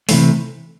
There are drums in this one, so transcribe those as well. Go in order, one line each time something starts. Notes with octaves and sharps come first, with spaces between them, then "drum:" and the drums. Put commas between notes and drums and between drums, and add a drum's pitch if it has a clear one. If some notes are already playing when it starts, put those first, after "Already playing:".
C3 E3 A3, drum: open hi-hat